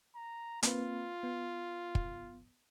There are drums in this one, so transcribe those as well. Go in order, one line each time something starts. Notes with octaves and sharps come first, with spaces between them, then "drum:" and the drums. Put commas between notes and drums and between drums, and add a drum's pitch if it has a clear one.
A#5
A#3 C4 F4 B4, drum: hi-hat
B3
drum: kick